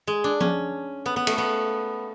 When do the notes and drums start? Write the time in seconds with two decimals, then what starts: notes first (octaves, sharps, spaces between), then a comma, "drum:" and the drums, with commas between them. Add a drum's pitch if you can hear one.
0.07 G#3
0.24 D4
0.40 C#4, drum: tom F3
1.06 B3
1.16 B3
1.27 A3, drum: cymbal
1.38 B3